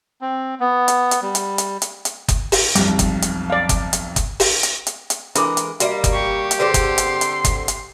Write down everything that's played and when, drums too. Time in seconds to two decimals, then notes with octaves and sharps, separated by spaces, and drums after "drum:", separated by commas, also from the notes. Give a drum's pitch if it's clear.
0.21 C4
0.60 B3
0.88 drum: hi-hat
1.11 drum: hi-hat
1.22 G3
1.35 drum: hi-hat
1.58 drum: hi-hat
1.82 drum: hi-hat
2.05 drum: hi-hat
2.29 drum: kick F#1, hi-hat
2.52 drum: open hi-hat
2.75 B1 F2 G3, drum: hi-hat
2.99 drum: kick F#1, hi-hat
3.22 drum: hi-hat
3.50 D5 F5
3.69 drum: kick F#1, hi-hat
3.93 drum: hi-hat
4.16 drum: kick F#1, hi-hat
4.40 drum: open hi-hat
4.63 drum: hi-hat
4.87 drum: hi-hat
5.10 drum: hi-hat
5.35 E3 G#3 D4 A4 A#4 D6, drum: hi-hat
5.57 drum: hi-hat
5.80 G3 A#3 F#4 D#5 E5, drum: hi-hat
6.04 drum: kick F#1, hi-hat
6.14 G4 C#6
6.51 drum: hi-hat
6.60 D3 C4 G#4 A4 B4 C6
6.74 drum: kick F#1, hi-hat
6.98 drum: hi-hat
7.21 drum: hi-hat
7.45 drum: kick F#1, hi-hat
7.68 drum: hi-hat